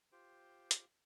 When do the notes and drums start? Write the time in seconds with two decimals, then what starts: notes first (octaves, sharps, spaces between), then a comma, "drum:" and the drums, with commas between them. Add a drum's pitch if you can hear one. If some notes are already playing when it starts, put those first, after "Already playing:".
0.12 F4 G4 C5 G5
0.71 drum: hi-hat